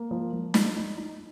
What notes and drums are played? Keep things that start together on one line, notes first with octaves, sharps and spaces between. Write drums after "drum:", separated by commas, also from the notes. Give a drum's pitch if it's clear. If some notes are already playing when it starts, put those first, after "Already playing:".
Already playing: A#3
F3
F3
D#4, drum: snare
D#4
D#4